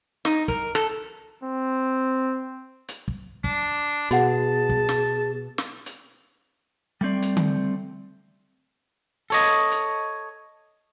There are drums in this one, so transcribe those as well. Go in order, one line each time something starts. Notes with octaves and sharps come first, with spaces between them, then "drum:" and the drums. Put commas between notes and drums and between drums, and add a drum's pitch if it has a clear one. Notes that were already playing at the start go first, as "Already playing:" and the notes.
D#4, drum: snare
A#4, drum: kick
A4, drum: rim click
C4
drum: hi-hat
drum: kick
D4, drum: kick
B2 F#4 G#4 F#5 A5, drum: hi-hat
drum: kick
drum: snare
drum: snare
drum: hi-hat
G3 A3 C4 D5
drum: hi-hat
drum: tom D3
A4 C#5 D#5
drum: hi-hat